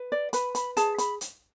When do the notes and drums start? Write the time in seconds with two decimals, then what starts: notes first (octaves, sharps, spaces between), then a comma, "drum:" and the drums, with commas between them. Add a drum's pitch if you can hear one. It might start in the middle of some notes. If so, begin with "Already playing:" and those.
Already playing: B4
0.12 D5
0.33 B4 B5, drum: hi-hat
0.55 B5, drum: hi-hat
0.77 G#4 A5, drum: hi-hat
0.98 B5, drum: hi-hat
1.21 drum: hi-hat